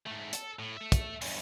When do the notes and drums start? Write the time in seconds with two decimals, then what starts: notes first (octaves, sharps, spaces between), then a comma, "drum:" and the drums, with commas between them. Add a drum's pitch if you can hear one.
0.06 G#2 A3
0.33 A4, drum: hi-hat
0.59 A2
0.77 A4 E5
0.92 drum: kick, hi-hat
1.22 E2 G2, drum: open hi-hat